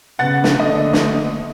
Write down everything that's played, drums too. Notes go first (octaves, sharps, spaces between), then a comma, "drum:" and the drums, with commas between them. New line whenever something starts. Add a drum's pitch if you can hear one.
C#3 B3 F#5 A6
drum: snare
D3 A3 A#3 D#5
drum: snare